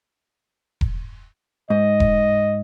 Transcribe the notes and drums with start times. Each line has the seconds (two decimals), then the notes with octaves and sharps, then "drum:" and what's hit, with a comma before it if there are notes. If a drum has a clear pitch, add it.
0.81 drum: kick E1
1.70 G#2 D#5
2.00 drum: kick E1